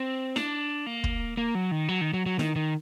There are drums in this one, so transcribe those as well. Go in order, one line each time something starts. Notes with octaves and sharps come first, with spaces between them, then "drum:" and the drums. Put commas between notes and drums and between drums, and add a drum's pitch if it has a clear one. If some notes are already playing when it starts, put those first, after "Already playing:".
Already playing: C4
D4, drum: snare E4
A#3
drum: kick
A#3
F#3
D#3
F#3
D#3
F#3
F#3
D#3, drum: snare E4
D#3